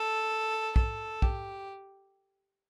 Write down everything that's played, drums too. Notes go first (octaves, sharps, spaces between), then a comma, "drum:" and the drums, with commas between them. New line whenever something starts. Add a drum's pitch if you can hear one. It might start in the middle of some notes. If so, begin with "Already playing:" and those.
Already playing: A4
A4, drum: kick
G4, drum: kick